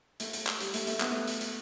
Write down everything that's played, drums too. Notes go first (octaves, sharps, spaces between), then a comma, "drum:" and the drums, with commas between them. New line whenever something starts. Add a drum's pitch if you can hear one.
A3, drum: hi-hat
drum: hi-hat
drum: clap
G3, drum: hi-hat
A3, drum: hi-hat
A3, drum: hi-hat
B3, drum: clap
A3
drum: hi-hat
drum: hi-hat